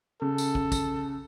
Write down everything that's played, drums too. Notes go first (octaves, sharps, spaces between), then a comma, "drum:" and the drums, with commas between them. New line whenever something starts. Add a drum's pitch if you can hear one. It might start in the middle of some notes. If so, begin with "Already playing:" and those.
C#3 A4
drum: tambourine
drum: kick
drum: kick, tambourine